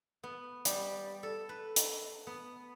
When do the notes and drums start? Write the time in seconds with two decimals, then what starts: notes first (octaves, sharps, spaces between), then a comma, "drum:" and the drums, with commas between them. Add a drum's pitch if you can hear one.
0.23 B3
0.65 G3, drum: hi-hat
1.23 A4
1.49 B4
1.76 drum: hi-hat
2.27 B3